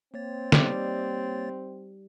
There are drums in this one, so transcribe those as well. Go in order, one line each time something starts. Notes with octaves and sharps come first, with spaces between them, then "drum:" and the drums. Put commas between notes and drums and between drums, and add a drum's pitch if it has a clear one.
A#3 C4 C#5 A6
G3 D#4 D5, drum: snare